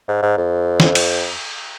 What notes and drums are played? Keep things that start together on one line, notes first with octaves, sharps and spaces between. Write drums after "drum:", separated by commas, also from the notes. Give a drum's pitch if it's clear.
G#2
G#2
F2
drum: snare
drum: cymbal